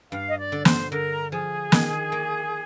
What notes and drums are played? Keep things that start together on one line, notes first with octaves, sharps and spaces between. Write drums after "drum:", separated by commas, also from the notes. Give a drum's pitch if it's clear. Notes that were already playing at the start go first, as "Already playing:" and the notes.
G2 F5
D#5
D5
D3
C5, drum: snare
D3 A#4
F3 G#4
D#3, drum: snare
A#3